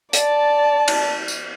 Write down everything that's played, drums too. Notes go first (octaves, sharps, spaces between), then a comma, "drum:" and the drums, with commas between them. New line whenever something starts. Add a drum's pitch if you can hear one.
D5 A5, drum: hi-hat
drum: cymbal
drum: tambourine